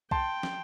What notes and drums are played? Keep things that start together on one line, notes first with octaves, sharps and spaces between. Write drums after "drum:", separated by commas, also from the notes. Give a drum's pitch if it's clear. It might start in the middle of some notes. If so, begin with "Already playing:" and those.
G5 A5 C6, drum: kick B1
drum: snare